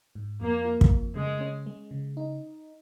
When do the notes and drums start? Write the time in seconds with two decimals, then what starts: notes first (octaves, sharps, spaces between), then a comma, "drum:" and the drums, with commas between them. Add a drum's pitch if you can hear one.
0.15 G#2
0.40 F2 A#3
0.65 F4
0.81 drum: kick
0.90 F2
1.15 C#3 G#3
1.40 C#4
1.66 G#3
1.91 C#3
2.17 D#4